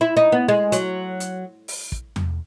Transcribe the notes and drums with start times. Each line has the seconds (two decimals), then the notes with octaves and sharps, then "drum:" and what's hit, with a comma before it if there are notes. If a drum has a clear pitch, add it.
0.01 E4
0.17 D#4
0.32 B3
0.48 G#3
0.72 F#3, drum: hi-hat
1.20 drum: hi-hat
1.68 drum: open hi-hat
1.92 drum: kick
2.16 drum: tom E2